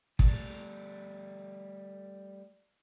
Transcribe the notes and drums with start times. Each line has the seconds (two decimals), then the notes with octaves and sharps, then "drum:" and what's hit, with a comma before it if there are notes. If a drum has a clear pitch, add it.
0.19 G3 A3, drum: kick